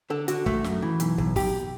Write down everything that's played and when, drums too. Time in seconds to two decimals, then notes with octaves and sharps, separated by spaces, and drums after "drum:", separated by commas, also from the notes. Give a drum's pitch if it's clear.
0.10 D3 A4
0.28 D3 F#4, drum: hi-hat
0.46 A3, drum: kick
0.64 F#2, drum: snare
0.82 E3
1.00 B1, drum: hi-hat
1.18 B1, drum: kick
1.36 B1 G4, drum: kick, open hi-hat